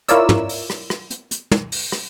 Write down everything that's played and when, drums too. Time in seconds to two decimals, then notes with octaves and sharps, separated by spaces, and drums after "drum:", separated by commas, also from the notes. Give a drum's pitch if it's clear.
0.08 E4 F4 A#4 C#5 D5 E6, drum: hi-hat
0.29 drum: tom
0.49 drum: open hi-hat
0.70 drum: rim click
0.90 drum: rim click
1.11 drum: hi-hat
1.31 drum: hi-hat
1.52 drum: tom
1.72 drum: open hi-hat
1.92 drum: rim click